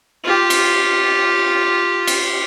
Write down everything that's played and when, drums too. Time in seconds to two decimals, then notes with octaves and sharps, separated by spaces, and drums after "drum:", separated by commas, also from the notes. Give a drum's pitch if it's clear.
0.24 F4 G4
0.50 drum: cymbal
2.07 drum: cymbal